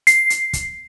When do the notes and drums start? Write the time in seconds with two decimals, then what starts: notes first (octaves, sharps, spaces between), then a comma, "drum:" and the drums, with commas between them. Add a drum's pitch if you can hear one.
0.07 C7, drum: hi-hat
0.30 drum: hi-hat
0.53 drum: kick, hi-hat